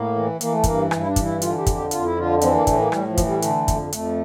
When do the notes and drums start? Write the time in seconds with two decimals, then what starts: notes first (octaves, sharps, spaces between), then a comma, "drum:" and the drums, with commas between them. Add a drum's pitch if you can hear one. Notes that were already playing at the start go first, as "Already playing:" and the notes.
Already playing: A2 A#3
0.16 E3
0.41 E3 A#3, drum: hi-hat
0.52 A3
0.64 G2 A#3, drum: kick, hi-hat
0.91 G2, drum: rim click
1.02 E4
1.08 D4
1.16 E3, drum: kick, hi-hat
1.25 E4
1.42 D3 F4, drum: hi-hat
1.58 G4
1.66 F2, drum: kick, hi-hat
1.74 G4
1.91 F2 F4, drum: hi-hat
2.05 E4
2.17 D3 F4
2.41 E3 C4, drum: hi-hat
2.54 A#3
2.67 A2 A3, drum: kick, hi-hat
2.80 A#3
2.92 A2 G3, drum: rim click
3.09 F3
3.17 E3, drum: kick, hi-hat
3.26 G3
3.42 D3 A3, drum: hi-hat
3.68 F2, drum: kick, hi-hat
3.92 F2 A3, drum: hi-hat